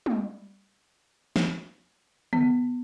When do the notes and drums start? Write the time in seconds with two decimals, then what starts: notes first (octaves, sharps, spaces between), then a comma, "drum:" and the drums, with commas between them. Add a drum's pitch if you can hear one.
0.06 drum: tom
1.36 drum: snare
2.33 B3, drum: tom